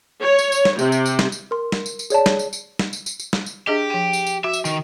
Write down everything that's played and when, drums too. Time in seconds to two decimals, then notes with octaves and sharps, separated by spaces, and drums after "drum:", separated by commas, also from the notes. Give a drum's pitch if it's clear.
0.22 C#5
0.39 drum: tambourine
0.52 drum: tambourine
0.65 drum: snare
0.79 C3, drum: tambourine
0.92 drum: tambourine
1.06 drum: tambourine
1.19 drum: snare
1.32 drum: tambourine
1.51 A#4 C6
1.72 drum: snare
1.86 drum: tambourine
1.99 drum: tambourine
2.10 G#4 C#5 D5 A5, drum: tambourine
2.26 drum: snare
2.39 drum: tambourine
2.53 drum: tambourine
2.79 drum: snare
2.93 drum: tambourine
3.06 drum: tambourine
3.20 drum: tambourine
3.33 drum: snare
3.46 drum: tambourine
3.67 D4 G4 G#4 D#5
3.90 F3 G5
4.13 drum: tambourine
4.27 drum: tambourine
4.44 F#4 E5
4.53 drum: tambourine
4.65 D#3, drum: tambourine